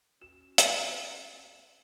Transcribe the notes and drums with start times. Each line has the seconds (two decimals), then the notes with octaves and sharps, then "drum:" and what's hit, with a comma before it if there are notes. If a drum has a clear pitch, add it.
0.21 C#4 F#4 E7
0.58 drum: hi-hat